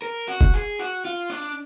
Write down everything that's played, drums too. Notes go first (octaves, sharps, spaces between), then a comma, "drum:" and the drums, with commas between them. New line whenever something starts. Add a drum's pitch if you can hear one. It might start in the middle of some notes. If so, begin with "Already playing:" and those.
A#4
F#4
drum: kick
G#4
F#4
F4
D4